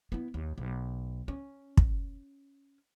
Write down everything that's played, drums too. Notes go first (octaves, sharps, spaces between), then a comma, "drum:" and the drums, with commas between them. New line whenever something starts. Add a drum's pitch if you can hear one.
B3 E4
D#2
B1
C#4
drum: kick